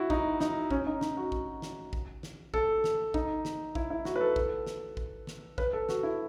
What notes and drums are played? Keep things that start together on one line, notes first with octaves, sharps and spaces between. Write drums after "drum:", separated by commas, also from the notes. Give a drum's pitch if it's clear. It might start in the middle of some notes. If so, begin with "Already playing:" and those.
Already playing: E4 F#4
D#4, drum: kick A1
D#4, drum: snare
C#4, drum: kick A1
D#4
D#4, drum: snare
F#4
drum: kick A1
drum: snare
drum: kick A1
drum: snare
A4, drum: kick A1
drum: snare
D#4, drum: kick A1
drum: snare
E4, drum: kick A1
E4
F#4, drum: snare
B4
A4
drum: kick A1
drum: snare
drum: kick A1
drum: snare
B4, drum: kick A1
A4
F#4, drum: snare
E4